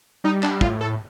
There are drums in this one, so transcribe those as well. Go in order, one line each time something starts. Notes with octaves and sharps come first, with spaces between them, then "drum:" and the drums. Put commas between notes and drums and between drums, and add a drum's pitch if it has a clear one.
G3 D#4
D4, drum: clap
A2 F4, drum: kick
A4